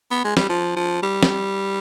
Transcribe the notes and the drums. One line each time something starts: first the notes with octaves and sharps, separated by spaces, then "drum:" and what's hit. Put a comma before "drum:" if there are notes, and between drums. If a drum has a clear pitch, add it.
B3
G#3
G3, drum: snare
F3
F3
G3
drum: snare